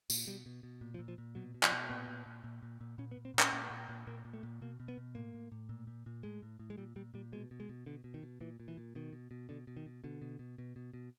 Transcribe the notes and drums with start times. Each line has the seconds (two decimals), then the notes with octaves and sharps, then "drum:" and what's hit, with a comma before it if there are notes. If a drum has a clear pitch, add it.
0.10 A#2, drum: tambourine
0.27 B2 G3
0.46 B2
0.63 B2
0.81 A#2
0.94 F3
0.99 A#2
1.08 F3
1.18 A#2
1.35 B2 F#3
1.54 B2
1.63 F3, drum: clap
1.72 B2
1.89 A#2 B3
2.08 A#2
2.26 A#2
2.44 A#2
2.63 A#2
2.81 A#2
2.98 A#2 C#4
3.11 B3
3.17 A#2
3.25 C4
3.34 A#2
3.39 C#4, drum: clap
3.53 A#2
3.70 A#2
3.89 A#2
4.07 A#2 A#3
4.25 A#2
4.33 A3
4.43 A#2
4.62 B2 A#3
4.80 B2
4.88 B3
4.97 B2
5.15 A2 A#3
5.34 A2
5.52 A2
5.69 A#2
5.87 A#2
6.06 A#2
6.23 A2 G#3
6.42 A2
6.59 A2
6.70 G#3
6.78 A#2 G3
6.96 A#2 G3
7.14 A#2 G3
7.32 B2 G#3
7.51 B2
7.60 G#3
7.69 B2
7.86 B2 D3
8.04 B2
8.14 D#3
8.23 B2
8.41 A#2 E3
8.60 A#2
8.68 E3
8.77 A#2
8.95 B2 D#3
9.13 B2
9.31 B2
9.49 B2 D3
9.67 B2
9.77 D#3
9.86 B2
10.04 B2 D3
10.22 B2
10.39 B2
10.58 B2
10.76 B2
10.94 B2